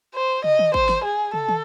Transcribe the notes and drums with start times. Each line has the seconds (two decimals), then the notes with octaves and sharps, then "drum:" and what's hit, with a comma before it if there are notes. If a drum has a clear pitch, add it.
0.14 C5
0.44 D#5, drum: tom
0.59 drum: tom
0.74 C5, drum: kick
0.89 drum: snare
1.04 G#4
1.34 A4, drum: tom
1.49 drum: tom